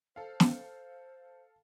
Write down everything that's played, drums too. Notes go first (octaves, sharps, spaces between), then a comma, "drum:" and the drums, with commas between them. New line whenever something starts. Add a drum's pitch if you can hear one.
A4 C5 F5
drum: snare